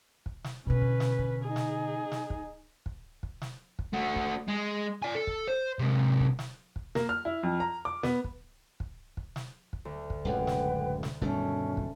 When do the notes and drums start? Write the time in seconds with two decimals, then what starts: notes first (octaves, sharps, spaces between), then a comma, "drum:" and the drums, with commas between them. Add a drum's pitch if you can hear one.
0.26 drum: kick
0.44 drum: snare
0.66 B2 D3 C#4 B4
0.82 drum: kick
1.00 drum: snare
1.19 drum: kick
1.44 D#4 G#4
1.56 drum: snare
2.12 drum: snare
2.30 drum: kick
2.86 drum: kick
3.23 drum: kick
3.42 drum: snare
3.79 drum: kick
3.93 A3 F#4
4.16 drum: kick
4.48 G#3
5.03 D5 G#5
5.15 A4
5.27 drum: kick
5.48 C5
5.79 C3 G#3
6.20 drum: kick
6.39 drum: snare
6.76 drum: kick
6.95 A#3, drum: snare
7.09 F6
7.25 E4
7.43 F2
7.60 A#5
7.85 D6
8.03 B3, drum: snare
8.24 drum: kick
8.80 drum: kick
9.17 drum: kick
9.36 drum: snare
9.73 drum: kick
9.85 D2
10.10 drum: kick
10.25 D1 C#2 F#2 B4 F#5 G5
10.47 drum: snare
11.03 drum: snare
11.21 G2 B2 D#3 A3 C#4, drum: kick
11.77 drum: kick